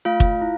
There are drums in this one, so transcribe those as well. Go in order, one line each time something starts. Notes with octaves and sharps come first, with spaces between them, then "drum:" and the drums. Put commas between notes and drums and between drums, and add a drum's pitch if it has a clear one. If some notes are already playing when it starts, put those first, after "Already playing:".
A3 F4 F5
drum: kick
E4